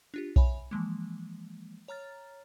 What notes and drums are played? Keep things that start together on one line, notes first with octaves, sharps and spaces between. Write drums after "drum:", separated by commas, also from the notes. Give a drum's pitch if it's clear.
D4 F4 G4
C#5 E5 G#5 B5, drum: kick B1
E3 F3 G#3 A#3
C#5 A#5 F6 A6